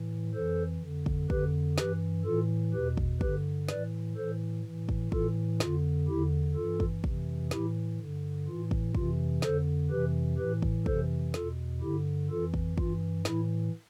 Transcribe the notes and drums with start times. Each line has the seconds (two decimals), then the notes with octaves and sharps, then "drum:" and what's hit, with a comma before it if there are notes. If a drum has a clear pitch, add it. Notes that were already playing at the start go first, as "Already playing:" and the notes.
Already playing: A2 E3
0.34 F2 E3 A4 C5
0.82 F2 D3
1.06 drum: kick
1.30 F2 D3 G4 B4, drum: kick
1.78 G2 E3 G4 B4, drum: snare
2.25 A2 E3 F4 A4
2.74 E2 B2 G4 B4
2.97 drum: kick
3.21 G2 D3 G4 B4, drum: kick
3.69 A2 E3 B4 D5, drum: snare
4.16 A2 E3 A4 C5
4.65 A2 E3
4.89 drum: kick
5.12 A2 E3 F4 A4, drum: kick
5.60 F2 D3 F4, drum: snare
6.08 E2 D3 E4 G4
6.55 G2 E3 F4 A4
6.80 drum: kick
7.04 F2 C3 E3, drum: kick
7.51 A2 E3 E4 G4, drum: snare
7.99 G2 D3
8.47 A2 E3 F4
8.71 drum: kick
8.95 F2 C3 E3 F4, drum: kick
9.42 F2 D3 A4 C5, drum: snare
9.90 F2 C3 E3 G4 B4
10.38 A2 E3 G4 B4
10.62 drum: kick
10.86 F2 C3 E3 A4 C5, drum: kick
11.34 E2 B2 F4 A4, drum: snare
11.81 G2 D3 E4 G4
12.30 F2 E3 F4 A4
12.54 drum: kick
12.78 G2 E3 F4, drum: kick
13.25 A2 E3 E4, drum: snare